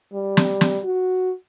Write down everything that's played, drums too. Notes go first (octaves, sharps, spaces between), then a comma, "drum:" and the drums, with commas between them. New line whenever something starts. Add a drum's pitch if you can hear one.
G3
drum: snare
drum: snare
F#4